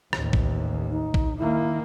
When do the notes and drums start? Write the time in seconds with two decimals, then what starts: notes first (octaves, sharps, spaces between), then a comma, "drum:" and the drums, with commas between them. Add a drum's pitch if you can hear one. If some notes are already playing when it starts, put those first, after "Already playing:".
0.13 A1 D#2, drum: rim click
0.33 drum: kick
0.90 D#4
1.14 drum: kick
1.38 D#3 A#3 E4